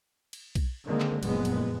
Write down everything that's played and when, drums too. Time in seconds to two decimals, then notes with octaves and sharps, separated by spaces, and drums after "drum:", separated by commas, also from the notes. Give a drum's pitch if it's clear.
0.33 drum: cymbal
0.55 drum: kick B1, cymbal
0.85 D3 D#3 G#3 A#3 C4
1.00 drum: clap
1.23 F#1 F2 A#2 G#3 B3, drum: cymbal
1.45 drum: cymbal